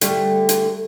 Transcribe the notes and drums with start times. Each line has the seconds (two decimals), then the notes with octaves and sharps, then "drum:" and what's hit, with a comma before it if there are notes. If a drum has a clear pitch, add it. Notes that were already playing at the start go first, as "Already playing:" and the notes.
0.01 D3 G3 A3, drum: hi-hat
0.49 drum: hi-hat